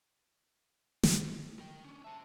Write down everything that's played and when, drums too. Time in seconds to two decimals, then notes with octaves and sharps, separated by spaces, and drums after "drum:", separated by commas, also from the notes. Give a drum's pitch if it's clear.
1.03 drum: snare
1.59 A#4 G5
1.84 C#4 D4
2.04 C5 E5 A5